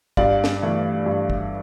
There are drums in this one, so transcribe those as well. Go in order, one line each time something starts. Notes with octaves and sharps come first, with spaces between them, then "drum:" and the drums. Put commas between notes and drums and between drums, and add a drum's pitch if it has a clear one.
G2 D5 F5, drum: kick
drum: snare
E3 A3
G2
drum: kick